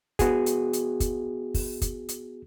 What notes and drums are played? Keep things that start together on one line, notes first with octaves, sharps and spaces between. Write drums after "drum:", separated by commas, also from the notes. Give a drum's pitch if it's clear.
B3 F#4 G#4, drum: kick, hi-hat
drum: hi-hat
drum: hi-hat
drum: kick, hi-hat
drum: kick, open hi-hat
drum: kick, hi-hat
drum: hi-hat